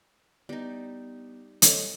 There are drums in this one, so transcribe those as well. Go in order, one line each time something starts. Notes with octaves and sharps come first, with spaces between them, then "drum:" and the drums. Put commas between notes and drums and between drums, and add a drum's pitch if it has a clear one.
G3 B3 D#4
A4 C#5 D#5, drum: hi-hat